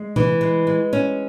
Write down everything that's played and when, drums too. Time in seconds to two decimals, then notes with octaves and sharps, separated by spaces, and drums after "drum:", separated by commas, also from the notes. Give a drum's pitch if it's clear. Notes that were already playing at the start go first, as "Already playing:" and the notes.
Already playing: G#3
0.16 E3, drum: tom C3
0.41 G#3
0.67 G#3
0.93 C#4